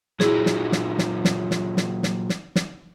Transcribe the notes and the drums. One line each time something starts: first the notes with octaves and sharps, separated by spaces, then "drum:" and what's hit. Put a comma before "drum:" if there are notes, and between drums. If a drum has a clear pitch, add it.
A#2 F#3 E4 G#4, drum: snare
drum: snare
drum: snare
drum: snare
drum: snare
drum: snare
drum: snare
drum: snare
drum: snare
drum: snare